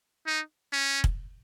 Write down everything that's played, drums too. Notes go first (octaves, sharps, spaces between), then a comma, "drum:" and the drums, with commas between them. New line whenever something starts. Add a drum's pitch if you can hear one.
D#4
C#4
drum: kick